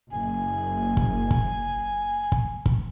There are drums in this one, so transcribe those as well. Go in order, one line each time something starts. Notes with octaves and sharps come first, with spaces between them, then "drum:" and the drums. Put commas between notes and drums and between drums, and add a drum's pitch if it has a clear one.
F#1 G#5
drum: kick
drum: kick
drum: kick
drum: kick